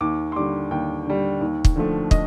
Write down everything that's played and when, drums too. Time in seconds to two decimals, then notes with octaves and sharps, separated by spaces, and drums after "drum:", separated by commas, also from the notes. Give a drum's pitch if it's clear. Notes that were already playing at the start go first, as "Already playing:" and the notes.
0.01 D#2 D6
0.32 C6
0.36 D3 G3 D6
0.71 D#2 G5
1.06 D3 G3
1.41 D#2
1.65 drum: kick
1.76 D3 F3 A3
2.11 D#5, drum: kick